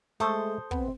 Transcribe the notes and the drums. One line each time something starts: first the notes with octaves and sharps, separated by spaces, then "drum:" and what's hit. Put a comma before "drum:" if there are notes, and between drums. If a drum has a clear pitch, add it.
G#3 A3 A4 C5 D#6
B3 C4, drum: kick